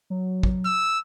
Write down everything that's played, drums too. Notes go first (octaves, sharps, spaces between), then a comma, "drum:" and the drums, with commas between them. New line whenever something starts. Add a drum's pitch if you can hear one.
F#3
drum: kick
E6